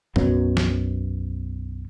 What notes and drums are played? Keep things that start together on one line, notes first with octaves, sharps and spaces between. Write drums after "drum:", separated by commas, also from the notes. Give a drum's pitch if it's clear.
B1 F#2 B2 F#3, drum: tom A2
drum: snare